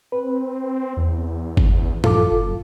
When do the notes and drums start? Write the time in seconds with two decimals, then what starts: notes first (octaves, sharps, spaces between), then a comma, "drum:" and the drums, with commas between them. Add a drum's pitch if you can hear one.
0.12 C4 B4
0.97 E2
1.57 drum: kick G1
2.04 F#2 F4 A4 D6, drum: tom A2
2.31 F#1